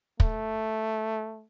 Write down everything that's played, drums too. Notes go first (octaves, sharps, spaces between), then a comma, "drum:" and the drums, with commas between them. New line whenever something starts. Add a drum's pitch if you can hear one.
A3, drum: kick